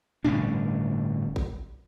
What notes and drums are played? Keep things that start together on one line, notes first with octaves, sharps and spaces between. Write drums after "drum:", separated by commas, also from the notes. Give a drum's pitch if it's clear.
G1 A2 C#4 D4, drum: tom A#2
drum: kick A1